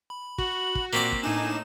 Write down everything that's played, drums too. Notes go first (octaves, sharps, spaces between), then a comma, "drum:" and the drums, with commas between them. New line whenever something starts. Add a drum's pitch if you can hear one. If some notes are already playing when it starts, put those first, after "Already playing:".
B5
F#4 F#7, drum: kick
drum: kick
A#2 A#3 C4 D5 B6
drum: kick
A2 D4 D#4 G#5 D6 E7